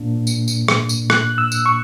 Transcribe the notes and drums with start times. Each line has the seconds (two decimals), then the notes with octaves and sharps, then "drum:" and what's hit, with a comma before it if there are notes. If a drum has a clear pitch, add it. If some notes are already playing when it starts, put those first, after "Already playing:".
Already playing: A#2 A#3 D4
0.27 drum: tambourine
0.48 drum: tambourine
0.68 drum: rim click
0.89 drum: tambourine
1.10 F#6, drum: rim click
1.38 E6
1.52 drum: tambourine
1.66 C#6